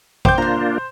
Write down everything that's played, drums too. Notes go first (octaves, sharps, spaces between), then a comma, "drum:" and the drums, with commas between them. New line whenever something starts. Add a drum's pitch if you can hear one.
C5 G5 D6 D#6 G6, drum: kick
A#3 D4 F4 A#5 C6